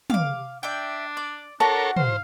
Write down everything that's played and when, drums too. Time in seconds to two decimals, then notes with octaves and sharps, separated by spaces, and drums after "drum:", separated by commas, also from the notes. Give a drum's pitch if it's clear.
0.10 F5 D6, drum: tom
0.63 D4 D5 E5 G5
1.17 D5
1.60 D4 F#4 A4 A#4 C#5 A5
1.96 C5 F5, drum: tom